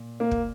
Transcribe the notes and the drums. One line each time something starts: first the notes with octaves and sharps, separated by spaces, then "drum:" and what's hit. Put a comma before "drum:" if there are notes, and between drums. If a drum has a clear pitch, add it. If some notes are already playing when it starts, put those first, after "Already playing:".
Already playing: A#2
A#3
drum: kick